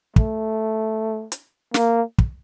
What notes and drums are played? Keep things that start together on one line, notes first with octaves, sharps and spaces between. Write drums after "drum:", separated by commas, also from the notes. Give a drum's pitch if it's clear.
A3, drum: kick
drum: hi-hat
A#3, drum: snare
drum: kick